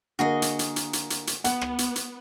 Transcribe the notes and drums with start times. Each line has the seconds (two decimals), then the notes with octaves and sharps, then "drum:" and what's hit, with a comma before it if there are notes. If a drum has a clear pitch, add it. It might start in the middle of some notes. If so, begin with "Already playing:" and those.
0.19 D3 A#3 F#4 G#4 D#5
0.42 drum: hi-hat
0.59 drum: hi-hat
0.76 drum: hi-hat
0.93 drum: hi-hat
1.10 drum: hi-hat
1.27 drum: hi-hat
1.44 B3 F#5, drum: hi-hat
1.61 drum: rim click
1.78 drum: hi-hat
1.96 drum: hi-hat